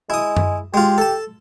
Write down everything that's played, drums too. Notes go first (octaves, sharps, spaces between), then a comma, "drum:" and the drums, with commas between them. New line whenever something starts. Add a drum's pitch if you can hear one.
G#3 E4 D#6
drum: tom F#2
G#3 F4 G4
A4 A5